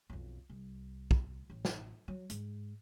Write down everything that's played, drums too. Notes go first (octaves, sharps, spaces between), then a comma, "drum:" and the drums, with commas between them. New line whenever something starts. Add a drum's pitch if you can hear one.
B1 F2
C2
drum: kick
A1
drum: snare
F#3
G#2, drum: hi-hat